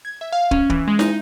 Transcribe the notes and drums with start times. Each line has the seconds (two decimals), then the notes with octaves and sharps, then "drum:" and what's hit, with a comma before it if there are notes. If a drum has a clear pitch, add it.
0.05 G#6
0.21 E5
0.32 F5
0.51 C#4, drum: kick
0.70 E3, drum: kick
0.88 G#3
0.99 D#4, drum: snare